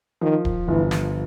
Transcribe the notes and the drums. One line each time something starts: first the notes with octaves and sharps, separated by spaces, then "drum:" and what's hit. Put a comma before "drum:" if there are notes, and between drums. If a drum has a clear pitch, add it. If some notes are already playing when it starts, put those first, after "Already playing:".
D#3 F3
drum: kick D1
G1 E3
drum: snare